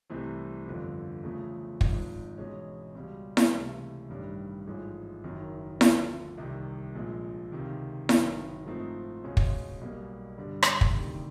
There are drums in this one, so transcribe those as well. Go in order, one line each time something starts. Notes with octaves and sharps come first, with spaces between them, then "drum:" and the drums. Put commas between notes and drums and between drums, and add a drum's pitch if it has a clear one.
C2 C3 E3 A3 C4
G1 F2 D3 F3
E2 C#3 F3 A3
G#1 G#2 F3, drum: kick
E2 B2 G#3 C#4
C#2 B2 G3
drum: snare E4
C#2 C3 E3 A3
A1 G2 D#3 G3
A1 G#2 F3 G#3
F#1 F#2 D#3
D2 D3 F3, drum: snare E4
C2 C3 D#3
A#1 A#2 F3 G#3
C#2 C3 D#3
F#1 F#2 D#3, drum: snare E4
G#2 F3 A3 C4 D#4
C#2 B2 G#3 C#4
drum: kick
B1 B2 G3 A#3
G2 D3 G3
drum: rim click
drum: kick
D2 C3 D#3 G3